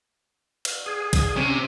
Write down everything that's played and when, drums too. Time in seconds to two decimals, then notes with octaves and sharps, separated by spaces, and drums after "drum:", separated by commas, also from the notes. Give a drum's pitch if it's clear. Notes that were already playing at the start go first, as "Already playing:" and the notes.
0.65 drum: cymbal
0.86 G#4
1.13 drum: kick B1, cymbal
1.37 C3 C#4